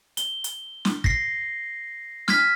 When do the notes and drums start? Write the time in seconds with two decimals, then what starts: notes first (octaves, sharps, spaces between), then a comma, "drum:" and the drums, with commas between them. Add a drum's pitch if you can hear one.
0.17 G7, drum: hi-hat
0.44 drum: hi-hat
0.85 drum: snare
1.04 A#6 C7, drum: kick
2.28 F6 G#6 B6, drum: snare